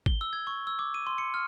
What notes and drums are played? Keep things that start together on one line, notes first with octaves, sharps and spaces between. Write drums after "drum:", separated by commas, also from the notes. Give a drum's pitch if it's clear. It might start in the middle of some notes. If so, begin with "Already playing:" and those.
G7, drum: kick
E6
G#6
C#6
E6
D6
D#7
C6
C#7
F6